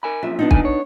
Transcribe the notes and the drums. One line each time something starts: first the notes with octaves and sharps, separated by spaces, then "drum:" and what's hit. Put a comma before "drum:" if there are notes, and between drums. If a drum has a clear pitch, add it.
A#4 G#5 B5
F#2 A#2 F3 E5
B3 D4 D#4
A#2 G#5, drum: kick
C#5